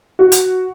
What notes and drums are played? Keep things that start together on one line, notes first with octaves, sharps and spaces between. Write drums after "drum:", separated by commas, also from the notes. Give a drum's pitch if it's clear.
F#4
drum: hi-hat